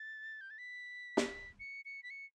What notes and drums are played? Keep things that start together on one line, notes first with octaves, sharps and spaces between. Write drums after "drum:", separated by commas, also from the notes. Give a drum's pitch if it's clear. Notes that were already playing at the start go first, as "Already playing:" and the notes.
Already playing: A6
G6
A6
B6
drum: snare
C#7
C#7
B6
C#7